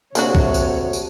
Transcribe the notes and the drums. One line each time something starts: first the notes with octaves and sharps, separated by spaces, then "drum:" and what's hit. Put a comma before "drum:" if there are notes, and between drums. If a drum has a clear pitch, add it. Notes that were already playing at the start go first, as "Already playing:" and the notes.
D2 C3 A#3 D4 F#4 C#5, drum: tambourine
drum: kick
drum: tambourine
drum: tambourine